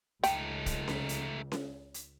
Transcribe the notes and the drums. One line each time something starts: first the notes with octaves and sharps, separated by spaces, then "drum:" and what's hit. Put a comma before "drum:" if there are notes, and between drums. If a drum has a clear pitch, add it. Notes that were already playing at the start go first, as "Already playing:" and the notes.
C#2 A3 D#4 G5, drum: hi-hat
drum: kick, hi-hat
drum: snare C#4
drum: hi-hat
drum: snare C#4
drum: hi-hat